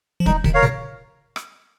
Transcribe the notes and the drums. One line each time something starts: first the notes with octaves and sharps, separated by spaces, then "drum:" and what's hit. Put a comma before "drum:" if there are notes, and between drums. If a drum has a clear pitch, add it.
F3
D#3 G3 D#4, drum: kick
C3 D#3, drum: kick
A#4 C#5 F5
A#2 C#3
drum: rim click